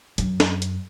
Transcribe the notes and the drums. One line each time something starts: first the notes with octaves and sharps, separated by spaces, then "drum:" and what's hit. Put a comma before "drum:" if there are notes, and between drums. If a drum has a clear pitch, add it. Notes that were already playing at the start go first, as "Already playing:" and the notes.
F#2, drum: hi-hat
drum: snare
drum: hi-hat